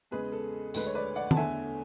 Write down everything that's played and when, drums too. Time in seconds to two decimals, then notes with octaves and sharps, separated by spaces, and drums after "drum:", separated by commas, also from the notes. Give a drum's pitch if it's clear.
0.11 E2 C#3 G#3 G#4 B4
0.32 A4
0.74 D2 D3 G#3 B4, drum: tambourine
0.86 C#5
0.95 B4 D5
1.16 D5 F#5
1.31 A5, drum: tom D#3
1.37 E2 D3 A3 E5 G#5